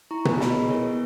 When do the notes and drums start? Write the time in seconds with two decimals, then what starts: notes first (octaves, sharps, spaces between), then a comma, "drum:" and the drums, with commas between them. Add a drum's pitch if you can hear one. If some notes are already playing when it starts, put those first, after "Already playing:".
0.11 E4 A#5 C#6
0.25 B3, drum: tom B2
0.30 G#5 B5
0.41 B3, drum: snare
0.50 B4 D#5
0.55 G#4
0.70 E4 A#4 C#5
0.85 B3